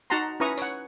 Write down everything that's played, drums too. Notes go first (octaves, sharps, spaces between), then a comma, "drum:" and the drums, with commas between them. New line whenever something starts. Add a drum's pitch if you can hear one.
D#4 F#4 F#5 A5 A#5 C6
C#4 E4 B4 A#5 C#6 D#6
C#5 F#5, drum: tambourine